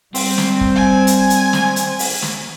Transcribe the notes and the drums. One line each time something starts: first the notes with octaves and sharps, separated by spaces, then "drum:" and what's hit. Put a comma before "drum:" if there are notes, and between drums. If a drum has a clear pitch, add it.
G3 C4, drum: open hi-hat
drum: snare
drum: kick
G#5
drum: hi-hat
drum: hi-hat
drum: snare
drum: hi-hat
drum: open hi-hat
drum: snare